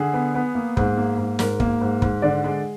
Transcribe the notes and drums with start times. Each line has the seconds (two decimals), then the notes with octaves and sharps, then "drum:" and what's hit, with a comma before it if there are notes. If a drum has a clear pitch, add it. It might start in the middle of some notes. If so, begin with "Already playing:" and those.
Already playing: D3 G#4
0.14 B3
0.35 B3
0.55 A#3
0.77 G#2, drum: kick
0.97 A#3
1.18 G#2
1.39 G#2 A#4, drum: snare
1.60 A#3, drum: kick
1.81 G#2
2.02 G#2, drum: kick
2.22 D3 D5
2.44 G#3